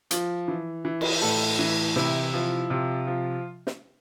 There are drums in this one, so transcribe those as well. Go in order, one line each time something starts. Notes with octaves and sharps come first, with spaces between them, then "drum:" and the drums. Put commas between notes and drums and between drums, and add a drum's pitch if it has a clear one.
F3, drum: hi-hat
E3
E3
drum: cymbal
A2 A4
E3
C3 E4, drum: snare
F3
C3 F4
F3
drum: snare